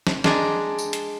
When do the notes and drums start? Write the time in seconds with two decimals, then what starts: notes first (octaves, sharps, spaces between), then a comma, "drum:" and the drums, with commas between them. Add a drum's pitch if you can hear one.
0.07 drum: snare
0.24 G#3 D4 G5 G#5 A#5, drum: snare
0.79 drum: tambourine
0.93 drum: hi-hat